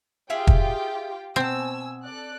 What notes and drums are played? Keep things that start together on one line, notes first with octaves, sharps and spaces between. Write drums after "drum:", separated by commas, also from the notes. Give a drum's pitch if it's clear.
F4 G4 G#4 E5 F5 G5
drum: kick
B2 C4 G#5 A5 E6
A4 D5 F#6